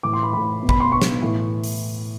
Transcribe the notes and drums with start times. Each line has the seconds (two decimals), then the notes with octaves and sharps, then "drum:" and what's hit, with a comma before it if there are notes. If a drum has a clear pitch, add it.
0.03 A2 E3 D6
0.13 C6
0.23 B5
0.33 A2 E3 B5
0.63 B2
0.69 B5, drum: kick
0.80 C6
0.92 B2 C#6
1.02 drum: snare
1.22 A2 E3
1.64 drum: open hi-hat